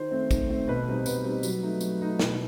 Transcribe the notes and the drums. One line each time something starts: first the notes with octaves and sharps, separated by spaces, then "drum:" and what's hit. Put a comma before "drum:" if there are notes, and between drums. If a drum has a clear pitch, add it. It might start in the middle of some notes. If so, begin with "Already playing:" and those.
Already playing: D#3 C5
A3 C4
D#3, drum: kick, tambourine
A3 C4
B2 B4
G3 C4 D#4
B2 B4, drum: tambourine
G3 C4 D#4
F#3, drum: tambourine
A3 D#4
F#3, drum: tambourine
A3 D#4
B2, drum: snare